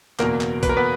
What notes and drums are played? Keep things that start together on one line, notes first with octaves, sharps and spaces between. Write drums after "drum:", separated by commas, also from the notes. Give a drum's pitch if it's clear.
F#1 E2 B2 A#3 A#4, drum: clap
drum: clap
B4, drum: kick B1, hi-hat
A#4
B3 B4